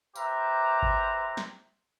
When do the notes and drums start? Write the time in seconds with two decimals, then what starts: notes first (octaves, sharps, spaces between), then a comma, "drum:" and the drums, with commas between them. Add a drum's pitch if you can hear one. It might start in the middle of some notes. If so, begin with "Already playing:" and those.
0.16 G4 B4 C5 E5 A#5 D6, drum: tambourine
0.82 drum: kick G#1
1.37 drum: snare